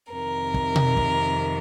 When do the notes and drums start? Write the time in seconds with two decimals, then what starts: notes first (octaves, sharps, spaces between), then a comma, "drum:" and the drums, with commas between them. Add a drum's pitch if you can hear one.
0.11 F2 C3 D#3 A#4
0.54 drum: kick
0.76 drum: tom B2
0.97 drum: kick